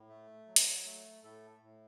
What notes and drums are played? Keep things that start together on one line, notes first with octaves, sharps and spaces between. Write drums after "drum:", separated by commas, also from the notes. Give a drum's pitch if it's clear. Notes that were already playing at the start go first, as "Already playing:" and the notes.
Already playing: A2
A3
F#3
drum: hi-hat
A3
A2 A3 A4
A2